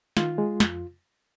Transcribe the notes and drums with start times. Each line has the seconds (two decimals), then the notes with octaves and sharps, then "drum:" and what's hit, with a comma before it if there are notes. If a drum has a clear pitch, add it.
0.17 D#3 F4, drum: snare
0.38 G#3
0.60 F2, drum: snare